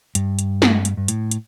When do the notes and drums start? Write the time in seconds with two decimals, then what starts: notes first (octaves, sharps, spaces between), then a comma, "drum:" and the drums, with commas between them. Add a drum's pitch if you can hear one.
0.15 G2, drum: hi-hat
0.39 drum: hi-hat
0.62 drum: snare
0.85 drum: hi-hat
0.97 G2
1.08 A2, drum: hi-hat
1.31 drum: hi-hat